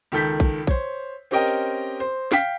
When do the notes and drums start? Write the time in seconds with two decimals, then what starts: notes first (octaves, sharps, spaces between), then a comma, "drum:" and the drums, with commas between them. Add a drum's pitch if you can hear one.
0.12 C#2 D#3 A4 G6 B6
0.40 drum: kick A#1
0.67 C5 C#5, drum: kick A#1
1.31 C4 C#4 G4 A#4 D#5 G5
1.48 drum: hi-hat
2.00 C5
2.32 F5 G5 B6, drum: snare